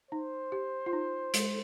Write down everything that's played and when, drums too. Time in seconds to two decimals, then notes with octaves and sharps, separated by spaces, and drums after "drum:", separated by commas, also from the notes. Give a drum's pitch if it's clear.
0.11 D#4 C5
0.52 G4
0.86 F4
0.93 D#4
1.34 G#3, drum: hi-hat